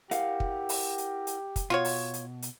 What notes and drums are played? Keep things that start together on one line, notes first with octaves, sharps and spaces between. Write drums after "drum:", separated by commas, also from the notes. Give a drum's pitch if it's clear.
E4 G4 A#4 F5 F#5, drum: hi-hat
drum: kick
drum: open hi-hat
drum: hi-hat
drum: hi-hat
drum: kick, hi-hat
B2 F4 F#4 C#5
drum: open hi-hat
drum: hi-hat
drum: hi-hat